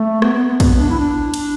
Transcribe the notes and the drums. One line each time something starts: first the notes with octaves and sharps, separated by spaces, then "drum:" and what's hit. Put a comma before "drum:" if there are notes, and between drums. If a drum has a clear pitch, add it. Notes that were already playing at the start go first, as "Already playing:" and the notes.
Already playing: A3
B3, drum: rim click
B3
B3
B3, drum: kick, cymbal
D4
E4
D4
drum: cymbal